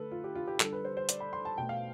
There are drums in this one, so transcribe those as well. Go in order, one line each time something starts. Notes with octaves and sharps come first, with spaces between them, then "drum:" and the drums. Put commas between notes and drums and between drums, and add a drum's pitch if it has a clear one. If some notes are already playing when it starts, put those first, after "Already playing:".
Already playing: D3 A3 A4 B4
F4
G4
F4
G4
D3 G3 A4, drum: clap
B4
C5
C5
D5, drum: hi-hat
B5
C6
A5
B2 A3 G5
F5